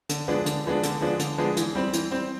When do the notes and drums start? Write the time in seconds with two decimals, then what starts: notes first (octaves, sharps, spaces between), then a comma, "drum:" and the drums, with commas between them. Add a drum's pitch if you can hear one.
0.09 D3, drum: hi-hat
0.28 F3 G#3 B3 D4
0.46 D3, drum: hi-hat
0.66 F3 G#3 B3 D4
0.83 D3, drum: hi-hat
1.01 F3 G#3 B3 D4
1.19 D3, drum: hi-hat
1.38 F3 G#3 B3 D4
1.57 E3, drum: hi-hat
1.75 G3 C4
1.93 E3, drum: hi-hat
2.11 G3 C4